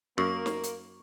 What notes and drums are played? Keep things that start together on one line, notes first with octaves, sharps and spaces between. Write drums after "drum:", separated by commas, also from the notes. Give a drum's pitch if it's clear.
F#2 A#3 C#6
drum: snare
drum: hi-hat